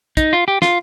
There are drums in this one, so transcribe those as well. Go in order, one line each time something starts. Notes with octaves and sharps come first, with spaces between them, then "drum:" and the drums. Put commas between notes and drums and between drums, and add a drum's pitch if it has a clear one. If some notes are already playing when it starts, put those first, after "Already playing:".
D#4, drum: kick, hi-hat
F4
G4
F4, drum: snare